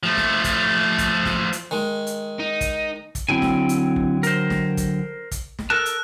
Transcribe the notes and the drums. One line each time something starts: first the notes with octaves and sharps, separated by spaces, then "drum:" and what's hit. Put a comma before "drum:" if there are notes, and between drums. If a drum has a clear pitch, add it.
F3 A3
drum: snare
drum: kick, hi-hat
drum: kick, hi-hat
drum: snare
drum: hi-hat
D#3 G#3
drum: hi-hat
D#4
drum: kick, hi-hat
drum: kick, hi-hat
D3 F#3 C4 E4 G5 G#5
drum: snare
drum: hi-hat
drum: kick
A#4 C5, drum: hi-hat
drum: snare
drum: kick, hi-hat
drum: kick, hi-hat
drum: snare
A4 A#4 A5 F#6
drum: hi-hat